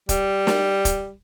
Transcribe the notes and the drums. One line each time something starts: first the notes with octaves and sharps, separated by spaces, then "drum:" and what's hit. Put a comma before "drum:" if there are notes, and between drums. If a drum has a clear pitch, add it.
G3, drum: kick, hi-hat
drum: snare
drum: kick, hi-hat